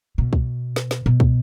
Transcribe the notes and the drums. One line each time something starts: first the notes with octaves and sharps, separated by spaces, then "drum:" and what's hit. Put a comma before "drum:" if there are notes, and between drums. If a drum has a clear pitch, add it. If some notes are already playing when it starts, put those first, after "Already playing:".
B2
drum: kick
drum: snare
drum: snare
B2
drum: kick